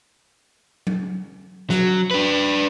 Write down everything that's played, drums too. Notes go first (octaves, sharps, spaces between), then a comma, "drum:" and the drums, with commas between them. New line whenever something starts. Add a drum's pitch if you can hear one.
drum: tom F#3
F#3, drum: snare
D4 B4